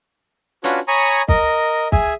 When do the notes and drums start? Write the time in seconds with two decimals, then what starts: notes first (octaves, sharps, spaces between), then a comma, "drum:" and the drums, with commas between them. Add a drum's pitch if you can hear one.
0.64 C#4 D4 F4 F#4 B4 C#5, drum: hi-hat
0.88 C#5 G#5 A#5 B5 C#6 D#6
1.28 A#4 D#5, drum: kick
1.92 G#4 E5 G#5, drum: kick